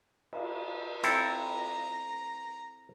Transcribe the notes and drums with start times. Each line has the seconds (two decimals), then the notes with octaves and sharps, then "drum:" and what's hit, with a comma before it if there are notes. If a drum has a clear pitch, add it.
0.33 drum: cymbal
1.03 C4 E4 A4 A#5, drum: hi-hat